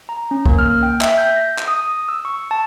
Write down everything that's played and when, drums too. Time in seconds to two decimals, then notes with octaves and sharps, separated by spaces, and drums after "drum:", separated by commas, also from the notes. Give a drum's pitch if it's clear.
0.09 A#5
0.31 C#4
0.46 A#3, drum: kick C2
0.59 F6
0.83 G5
1.01 E5, drum: clap
1.18 G6
1.36 A#6
1.58 drum: clap
1.68 D#6
2.09 E6
2.25 C#6
2.51 A5